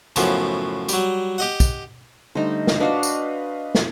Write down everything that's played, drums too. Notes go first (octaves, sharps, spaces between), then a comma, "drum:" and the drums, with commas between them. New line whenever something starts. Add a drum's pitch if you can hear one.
F#2 A2 C#3 F3 B3, drum: tambourine
F#3 G3, drum: tambourine
G4 D#5 F#5
drum: kick, tambourine
D3 G3 A3 D#4 C5
drum: snare
D4 F#4 B4 C5 D#5 F5
drum: tambourine
drum: snare